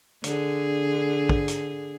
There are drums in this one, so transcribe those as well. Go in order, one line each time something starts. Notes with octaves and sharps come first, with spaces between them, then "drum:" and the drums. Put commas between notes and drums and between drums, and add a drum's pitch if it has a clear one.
D3 G#4, drum: hi-hat
drum: kick
drum: hi-hat